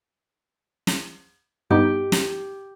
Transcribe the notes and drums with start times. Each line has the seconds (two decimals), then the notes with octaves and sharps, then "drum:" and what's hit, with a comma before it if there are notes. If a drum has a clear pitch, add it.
0.87 drum: snare
1.70 G2 B3 D#4 G4
2.12 drum: snare